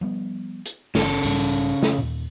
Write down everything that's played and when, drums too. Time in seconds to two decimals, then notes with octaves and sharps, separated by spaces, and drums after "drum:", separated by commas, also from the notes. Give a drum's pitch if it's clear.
0.01 F3 G3 B3
0.66 drum: hi-hat
0.95 G1 C#3 A4, drum: snare
1.23 B1 G#2 G3, drum: open hi-hat
1.83 drum: snare
1.98 D#2 A#2